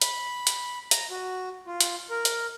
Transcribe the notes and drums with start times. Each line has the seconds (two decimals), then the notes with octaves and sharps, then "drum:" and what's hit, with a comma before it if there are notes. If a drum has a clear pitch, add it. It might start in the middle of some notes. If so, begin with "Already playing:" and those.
0.02 B5, drum: hi-hat
0.47 drum: hi-hat
0.91 A#5, drum: hi-hat
1.10 F#4
1.67 F4
1.81 drum: hi-hat
2.10 A#4
2.25 drum: hi-hat